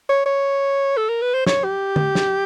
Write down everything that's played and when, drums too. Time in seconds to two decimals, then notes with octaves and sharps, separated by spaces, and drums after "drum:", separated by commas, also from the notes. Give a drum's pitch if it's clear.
0.09 C#5
0.26 C#5
0.97 A4
1.09 A#4
1.22 B4
1.34 C5
1.46 C#5, drum: snare
1.64 G4
1.96 drum: tom D3
2.15 drum: snare